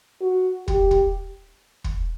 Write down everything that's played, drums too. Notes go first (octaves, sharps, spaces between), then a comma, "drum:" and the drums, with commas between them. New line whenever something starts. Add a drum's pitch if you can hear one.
F#4
G4, drum: kick
drum: kick
drum: kick